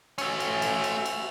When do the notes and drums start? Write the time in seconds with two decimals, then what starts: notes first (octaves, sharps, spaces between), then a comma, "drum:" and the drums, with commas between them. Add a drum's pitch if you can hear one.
0.18 A3 C#4, drum: cymbal
0.40 drum: cymbal
0.62 drum: cymbal
0.84 drum: cymbal
1.05 drum: cymbal